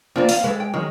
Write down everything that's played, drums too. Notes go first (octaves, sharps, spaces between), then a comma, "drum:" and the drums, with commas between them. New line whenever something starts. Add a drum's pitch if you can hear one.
E3 A#3 C4 D4 F4
F5, drum: open hi-hat
G#3 A4 B4
G5
D#3 F#3 G#3 C#4